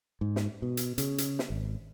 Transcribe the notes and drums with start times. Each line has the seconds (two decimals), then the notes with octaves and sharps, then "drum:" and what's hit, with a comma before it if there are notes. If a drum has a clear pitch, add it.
0.21 G#2
0.36 drum: snare
0.62 B2
0.77 drum: hi-hat
0.98 C#3, drum: hi-hat
1.18 drum: hi-hat
1.39 drum: snare
1.50 G#1